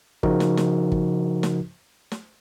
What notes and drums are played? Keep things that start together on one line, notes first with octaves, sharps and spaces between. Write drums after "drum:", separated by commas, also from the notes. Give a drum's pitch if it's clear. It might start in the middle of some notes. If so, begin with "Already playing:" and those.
C#3 F3 D#4 F#4 A#4, drum: kick
drum: snare
drum: snare
drum: kick
drum: snare
drum: snare